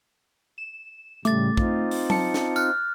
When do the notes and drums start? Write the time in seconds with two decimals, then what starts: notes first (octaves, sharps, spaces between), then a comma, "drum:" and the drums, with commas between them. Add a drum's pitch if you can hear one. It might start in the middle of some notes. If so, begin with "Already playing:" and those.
0.58 E7
1.25 A2 C#3 G3 A3 D6 A6, drum: hi-hat
1.57 C4 D#4 F4, drum: kick
1.91 drum: open hi-hat
2.10 A5 C#7, drum: tom F#3
2.34 drum: snare
2.56 F6 F#6, drum: tambourine